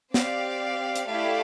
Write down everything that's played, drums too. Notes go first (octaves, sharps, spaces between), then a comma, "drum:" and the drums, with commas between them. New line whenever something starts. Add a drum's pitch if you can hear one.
C4 G4 D5 F5, drum: snare
drum: hi-hat
A3 E4 G4 D5 F5